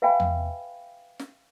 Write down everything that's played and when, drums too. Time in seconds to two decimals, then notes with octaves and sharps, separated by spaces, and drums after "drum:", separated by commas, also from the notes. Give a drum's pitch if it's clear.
0.02 B4 E5 F5 G5 G#5 B5
0.20 drum: tom E2
1.19 drum: snare